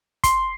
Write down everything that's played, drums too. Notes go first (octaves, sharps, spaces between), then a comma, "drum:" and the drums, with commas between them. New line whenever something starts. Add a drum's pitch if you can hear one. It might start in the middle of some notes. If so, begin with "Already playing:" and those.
C6, drum: kick, hi-hat